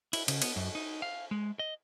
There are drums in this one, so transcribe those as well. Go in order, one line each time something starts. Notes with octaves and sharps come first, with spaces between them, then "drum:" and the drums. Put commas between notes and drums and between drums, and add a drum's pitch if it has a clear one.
E4, drum: cymbal
C#3, drum: cymbal
B3, drum: cymbal
F#2
D#4
F5
G#3
D#5